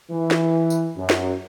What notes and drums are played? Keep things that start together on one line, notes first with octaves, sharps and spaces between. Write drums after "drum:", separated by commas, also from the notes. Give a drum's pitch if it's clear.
E3
drum: snare
drum: tambourine
F#2
drum: snare